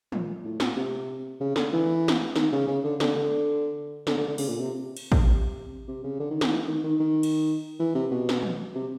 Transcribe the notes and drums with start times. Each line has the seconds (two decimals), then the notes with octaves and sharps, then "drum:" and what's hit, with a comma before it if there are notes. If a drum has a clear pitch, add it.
0.12 A#2, drum: tom
0.45 A2
0.60 A#2, drum: snare
0.76 C3
1.40 C#3
1.56 D3, drum: snare
1.73 E3
2.08 drum: snare
2.36 D#3, drum: snare
2.52 C#3
2.68 C#3
2.84 D3
3.00 D3, drum: snare
3.16 D3
4.07 D3, drum: snare
4.17 D3
4.28 D3
4.38 C#3, drum: open hi-hat
4.49 A#2
4.60 C3
4.97 drum: cymbal
5.12 drum: kick
5.23 C3
5.88 C3
6.04 C#3
6.19 D3
6.30 D#3
6.41 D#3, drum: snare
6.51 E3
6.67 D#3
6.84 D#3
7.00 D#3
7.23 drum: cymbal
7.79 E3
7.95 C3
8.11 B2
8.29 drum: snare
8.42 drum: tom
8.75 C3